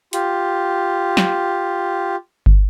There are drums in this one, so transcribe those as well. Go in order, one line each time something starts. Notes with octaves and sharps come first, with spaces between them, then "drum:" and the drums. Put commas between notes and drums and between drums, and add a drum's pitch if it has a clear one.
F4 G4, drum: hi-hat
drum: snare
drum: kick G1